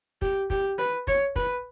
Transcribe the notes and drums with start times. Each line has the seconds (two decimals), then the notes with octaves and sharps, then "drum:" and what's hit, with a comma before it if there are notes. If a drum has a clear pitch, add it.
0.22 G4, drum: kick
0.50 G4, drum: kick
0.78 B4
1.07 C#5, drum: kick
1.36 B4, drum: kick